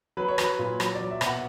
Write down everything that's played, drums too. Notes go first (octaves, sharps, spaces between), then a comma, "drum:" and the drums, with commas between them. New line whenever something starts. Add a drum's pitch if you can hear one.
F#3 B4
C#5
F#3 B4, drum: rim click
A#2
F#3, drum: rim click
D5
F#3
E5
B2, drum: rim click
F#5